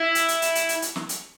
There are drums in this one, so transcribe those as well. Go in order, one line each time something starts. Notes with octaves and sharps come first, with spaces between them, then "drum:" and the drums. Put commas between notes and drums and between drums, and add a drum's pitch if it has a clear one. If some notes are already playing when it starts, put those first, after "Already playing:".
Already playing: E4
drum: hi-hat
drum: hi-hat
drum: hi-hat
drum: hi-hat
drum: hi-hat
drum: hi-hat
drum: snare
drum: hi-hat